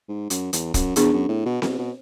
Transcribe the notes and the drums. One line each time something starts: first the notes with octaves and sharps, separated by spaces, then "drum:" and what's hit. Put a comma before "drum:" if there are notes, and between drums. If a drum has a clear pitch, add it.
G#2
F#2, drum: hi-hat
E2, drum: hi-hat
F#2, drum: kick, hi-hat
E2 B3 D4 G#4, drum: hi-hat
F#2
A2
B2
B2, drum: snare C4
B2